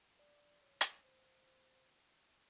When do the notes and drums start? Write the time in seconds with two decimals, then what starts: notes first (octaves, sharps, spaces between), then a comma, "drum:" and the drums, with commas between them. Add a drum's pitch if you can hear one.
0.19 D5
0.62 C#5
0.81 drum: hi-hat
1.04 C5
1.47 C5